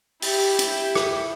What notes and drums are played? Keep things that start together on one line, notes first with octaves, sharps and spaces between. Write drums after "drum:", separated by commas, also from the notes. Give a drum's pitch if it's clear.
E4 G4, drum: open hi-hat
drum: hi-hat
drum: rim click